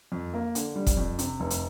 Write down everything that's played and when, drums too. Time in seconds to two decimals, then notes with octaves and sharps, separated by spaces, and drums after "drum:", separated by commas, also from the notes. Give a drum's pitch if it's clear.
0.12 F2
0.34 A#3
0.55 D3, drum: hi-hat
0.76 G3
0.87 drum: kick, hi-hat
0.97 F2
1.19 C3, drum: hi-hat
1.40 F1
1.50 drum: hi-hat